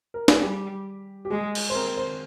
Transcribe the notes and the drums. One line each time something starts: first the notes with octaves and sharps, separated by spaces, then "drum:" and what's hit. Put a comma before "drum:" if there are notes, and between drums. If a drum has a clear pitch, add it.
A#4
G#4, drum: snare
G3 G4
G4
G#3 G#4
drum: cymbal
C5
C4 A#4
C5